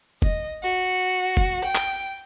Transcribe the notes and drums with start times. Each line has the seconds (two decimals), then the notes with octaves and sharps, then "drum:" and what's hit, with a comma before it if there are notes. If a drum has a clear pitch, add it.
0.22 D#5, drum: kick F1
0.63 F#4
1.37 drum: kick F1
1.65 G5
1.75 drum: clap